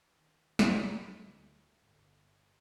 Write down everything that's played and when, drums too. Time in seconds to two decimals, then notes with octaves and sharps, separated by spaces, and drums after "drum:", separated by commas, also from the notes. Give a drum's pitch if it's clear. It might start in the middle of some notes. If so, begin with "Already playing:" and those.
0.15 D#3
0.59 A#2, drum: snare
1.20 D2
1.81 G1